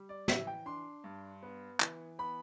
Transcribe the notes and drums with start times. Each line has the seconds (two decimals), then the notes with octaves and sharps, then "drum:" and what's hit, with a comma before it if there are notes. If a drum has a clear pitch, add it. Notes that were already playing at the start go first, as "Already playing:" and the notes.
Already playing: G3
0.09 D5
0.28 E3 E5, drum: snare
0.47 G5
0.66 D4 C6
1.04 G2
1.43 B3
1.80 E3, drum: clap
2.19 B3 B5